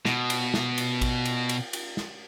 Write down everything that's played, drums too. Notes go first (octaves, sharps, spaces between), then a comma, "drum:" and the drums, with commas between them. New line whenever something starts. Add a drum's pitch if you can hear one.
B2, drum: snare
drum: cymbal
drum: snare
drum: cymbal
drum: kick A1, cymbal
drum: cymbal
drum: cymbal
drum: cymbal
drum: snare